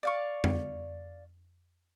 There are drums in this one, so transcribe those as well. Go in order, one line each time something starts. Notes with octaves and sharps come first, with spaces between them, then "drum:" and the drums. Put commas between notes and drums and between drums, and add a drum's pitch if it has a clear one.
D5 F5 C#6
drum: tom F2